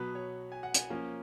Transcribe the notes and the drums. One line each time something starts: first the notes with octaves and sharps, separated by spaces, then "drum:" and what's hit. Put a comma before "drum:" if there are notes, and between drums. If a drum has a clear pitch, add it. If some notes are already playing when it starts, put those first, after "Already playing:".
Already playing: B2 F#3 B3 B4
C#5
G#5
F#5
G#5, drum: hi-hat
F3 A#3 C#4